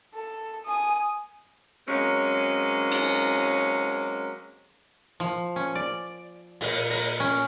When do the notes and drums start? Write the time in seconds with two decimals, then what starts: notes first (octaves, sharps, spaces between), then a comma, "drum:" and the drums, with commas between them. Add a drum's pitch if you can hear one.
0.14 A4
0.65 G#5 D#6
1.88 F#3 G#3 A#3 C4 C#4
2.92 drum: cymbal
5.20 F3
5.56 C#4
5.75 D5
6.61 A#2, drum: open hi-hat
6.90 A#5, drum: open hi-hat
7.20 C#4